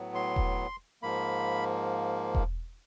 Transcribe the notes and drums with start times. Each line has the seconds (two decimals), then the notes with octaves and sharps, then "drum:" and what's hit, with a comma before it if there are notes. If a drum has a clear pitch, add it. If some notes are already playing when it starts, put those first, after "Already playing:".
Already playing: A2 F#3 B3
0.15 C6
0.36 drum: kick E1
1.02 G#2 F3 A#3 B5
2.35 drum: kick E1